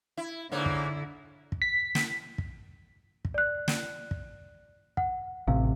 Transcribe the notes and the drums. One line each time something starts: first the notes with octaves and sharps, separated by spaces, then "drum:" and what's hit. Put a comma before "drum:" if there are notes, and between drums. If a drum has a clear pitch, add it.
E4
G#2 D3 A#3 E4 C#5
drum: kick
drum: kick
B6
drum: snare
drum: kick
drum: kick
D5 F#6
drum: snare
drum: kick
F#5, drum: kick
A1 C3 F5